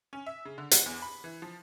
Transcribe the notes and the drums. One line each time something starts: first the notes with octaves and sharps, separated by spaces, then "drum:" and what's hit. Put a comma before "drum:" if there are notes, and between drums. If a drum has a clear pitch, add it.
C#4
E5
C#3
D3
F#5, drum: hi-hat
E2
B5
E3
F3